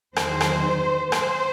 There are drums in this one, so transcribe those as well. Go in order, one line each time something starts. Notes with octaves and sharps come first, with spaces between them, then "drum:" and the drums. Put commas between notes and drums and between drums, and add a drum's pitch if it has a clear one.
E2 D#3 F#3 C5, drum: rim click
drum: rim click
C5, drum: rim click